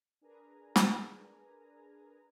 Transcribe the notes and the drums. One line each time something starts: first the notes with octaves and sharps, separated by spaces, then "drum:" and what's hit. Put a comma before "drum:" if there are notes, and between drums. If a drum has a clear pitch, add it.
D4 G#4 A#4 B4 G#5 A#5
drum: snare